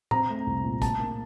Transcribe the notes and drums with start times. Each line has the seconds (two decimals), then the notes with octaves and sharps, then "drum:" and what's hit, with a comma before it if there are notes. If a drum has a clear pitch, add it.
0.11 C4 A#5, drum: tom A2
0.29 A3
0.46 C2
0.64 A#2
0.82 A2 A5, drum: kick, hi-hat
1.00 A#3